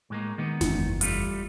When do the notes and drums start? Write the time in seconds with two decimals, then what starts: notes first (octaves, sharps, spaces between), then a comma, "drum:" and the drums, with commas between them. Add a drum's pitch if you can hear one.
0.10 A2 G#3 A#3
0.38 D#3 G#3 B3
0.61 F#1 E2, drum: snare
1.01 G3 A3 F4, drum: hi-hat